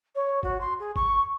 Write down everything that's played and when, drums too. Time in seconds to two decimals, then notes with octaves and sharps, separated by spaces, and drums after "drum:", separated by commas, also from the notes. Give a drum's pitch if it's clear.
0.16 C#5
0.43 F#4, drum: kick
0.61 C6
0.80 G#4
0.96 C#6, drum: kick